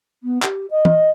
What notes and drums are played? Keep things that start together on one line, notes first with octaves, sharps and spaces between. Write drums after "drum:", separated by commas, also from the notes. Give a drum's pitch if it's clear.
B3
G4, drum: clap
D#5
drum: tom